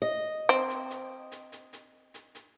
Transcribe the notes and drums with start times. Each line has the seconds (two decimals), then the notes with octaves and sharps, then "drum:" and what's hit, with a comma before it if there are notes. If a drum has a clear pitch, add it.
0.02 D#5
0.49 C4, drum: hi-hat
0.70 drum: hi-hat
0.90 drum: hi-hat
1.32 drum: hi-hat
1.52 drum: hi-hat
1.73 drum: hi-hat
2.14 drum: hi-hat
2.35 drum: hi-hat